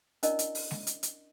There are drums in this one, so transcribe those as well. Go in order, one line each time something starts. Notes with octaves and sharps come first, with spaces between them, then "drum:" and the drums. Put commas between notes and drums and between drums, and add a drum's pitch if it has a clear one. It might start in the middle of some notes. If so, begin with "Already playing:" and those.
C#4 D4 E4 A#4 D5 D#5, drum: hi-hat
drum: hi-hat
drum: open hi-hat
drum: snare G#3
drum: hi-hat
drum: hi-hat